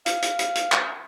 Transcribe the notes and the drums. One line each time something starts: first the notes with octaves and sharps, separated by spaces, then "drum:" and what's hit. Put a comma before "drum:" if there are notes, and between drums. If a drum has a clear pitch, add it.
F5, drum: hi-hat
drum: hi-hat
drum: hi-hat
drum: hi-hat
drum: clap